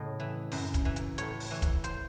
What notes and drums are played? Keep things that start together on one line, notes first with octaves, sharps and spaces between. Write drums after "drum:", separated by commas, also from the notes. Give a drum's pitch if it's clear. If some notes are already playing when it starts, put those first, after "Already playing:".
Already playing: A2 C#3 D#5
E3
F#2, drum: open hi-hat
drum: kick, hi-hat
E3
drum: hi-hat
A2 C#5, drum: hi-hat
drum: open hi-hat
E3
drum: kick, hi-hat
C5, drum: hi-hat